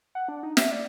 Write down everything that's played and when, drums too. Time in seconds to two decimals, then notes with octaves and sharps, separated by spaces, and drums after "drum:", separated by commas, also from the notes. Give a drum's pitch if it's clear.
0.15 F#5
0.28 D4
0.43 D#4
0.57 E5, drum: snare
0.72 D5